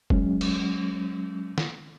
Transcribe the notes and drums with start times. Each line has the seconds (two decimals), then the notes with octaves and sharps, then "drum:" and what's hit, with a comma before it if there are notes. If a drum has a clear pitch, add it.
0.10 F#3 G#3 C#4, drum: kick F1
0.41 drum: cymbal
1.58 drum: snare